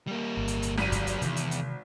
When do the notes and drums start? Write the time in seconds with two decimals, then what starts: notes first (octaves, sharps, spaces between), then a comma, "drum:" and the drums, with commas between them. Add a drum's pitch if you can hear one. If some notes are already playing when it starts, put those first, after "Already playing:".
0.07 G3 A#3
0.37 G1
0.48 drum: hi-hat
0.62 drum: hi-hat
0.78 G#1 F#3 G3 D#7, drum: snare
0.92 drum: kick, hi-hat
1.07 drum: hi-hat
1.22 E2 C3 D#3 E3, drum: hi-hat
1.36 drum: hi-hat
1.51 drum: hi-hat